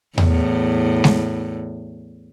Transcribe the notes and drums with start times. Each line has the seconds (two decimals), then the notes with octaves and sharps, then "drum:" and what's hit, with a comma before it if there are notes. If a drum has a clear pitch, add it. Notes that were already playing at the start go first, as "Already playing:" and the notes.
0.18 E2 A2, drum: tom E2
1.04 drum: snare G#3